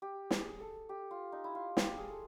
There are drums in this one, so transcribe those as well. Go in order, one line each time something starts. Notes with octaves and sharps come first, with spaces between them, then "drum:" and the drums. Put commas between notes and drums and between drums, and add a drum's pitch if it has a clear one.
G4
G#4, drum: snare
A4
G4
F4
D#4
E4
F4
G4, drum: snare
G#4
A4